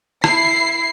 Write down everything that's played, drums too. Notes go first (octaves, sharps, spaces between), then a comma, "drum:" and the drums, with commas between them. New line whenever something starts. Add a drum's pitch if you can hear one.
E4 C7, drum: rim click